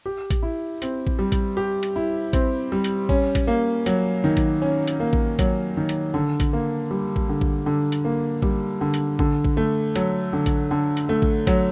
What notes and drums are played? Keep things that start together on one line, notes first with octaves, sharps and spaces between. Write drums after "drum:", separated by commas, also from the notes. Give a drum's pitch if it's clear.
G4
drum: kick A1, hi-hat
E4
C4, drum: hi-hat
drum: kick A1
G3
drum: kick A1, hi-hat
G4
drum: hi-hat
E4
C4, drum: kick A1, hi-hat
G3
drum: hi-hat
C#4, drum: kick A1
drum: kick A1, hi-hat
A#3
F#3, drum: hi-hat
D#3
drum: kick A1, hi-hat
C#4
drum: hi-hat
A#3
drum: kick A1
F#3, drum: kick A1, hi-hat
D#3
drum: hi-hat
D3
drum: kick A1, hi-hat
A#3
G3
drum: kick A1
D3
drum: kick A1
D3
drum: hi-hat
A#3
G3, drum: kick A1
D3
drum: hi-hat
D3, drum: kick A1
drum: kick A1
A3
F#3, drum: hi-hat
D3
drum: kick A1, hi-hat
D3
drum: hi-hat
A3
drum: kick A1
F#3, drum: kick A1, hi-hat